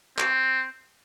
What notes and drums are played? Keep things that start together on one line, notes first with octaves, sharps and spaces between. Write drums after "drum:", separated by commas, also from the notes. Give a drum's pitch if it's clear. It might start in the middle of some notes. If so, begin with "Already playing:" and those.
C4, drum: clap